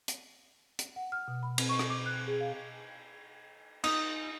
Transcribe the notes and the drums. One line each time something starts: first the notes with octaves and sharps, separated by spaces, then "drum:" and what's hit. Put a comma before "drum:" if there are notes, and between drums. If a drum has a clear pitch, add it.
drum: hi-hat
drum: hi-hat
F#5
F6
B2
B5
C4, drum: cymbal
C#6
drum: rim click
D6
F#6
G#4
F5
D#4 D#6, drum: cymbal